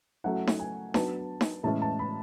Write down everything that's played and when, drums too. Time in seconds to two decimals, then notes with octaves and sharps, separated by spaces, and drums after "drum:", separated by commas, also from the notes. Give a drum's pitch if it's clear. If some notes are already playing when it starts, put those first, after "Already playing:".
0.24 F#3 A3 C#4 E4 F#5
0.47 drum: snare D#4
0.59 G#5
0.94 F#3 B3 D4 A5, drum: snare D#4
1.41 drum: snare D#4
1.63 A2 E3 G#3 C#4 E4 A5
1.82 A5
1.99 B5